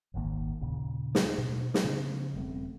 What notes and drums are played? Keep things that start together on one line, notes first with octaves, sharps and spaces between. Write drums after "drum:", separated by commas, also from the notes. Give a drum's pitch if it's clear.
D#1 G#1 D#3 A#3
D#2 A#2 C#3
drum: snare
B2
drum: snare
C#3 F3 B3 C#4
E1 G3 A3 C4